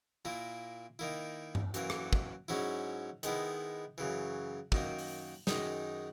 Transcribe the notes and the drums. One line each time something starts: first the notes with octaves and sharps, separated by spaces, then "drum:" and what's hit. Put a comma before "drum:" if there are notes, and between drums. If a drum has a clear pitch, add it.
A#2 A#3 E4
D#3 A#3 E4
drum: tom G2
F#2 E3 A#3, drum: hi-hat
drum: rim click
drum: kick
G#2 F#3 C#4 E4
D#3 G#3 B3 E4, drum: hi-hat
F#2 C#3 E3
F#2 D#3 A#3, drum: kick
drum: open hi-hat
F#2 D#3 G#3 D#4, drum: snare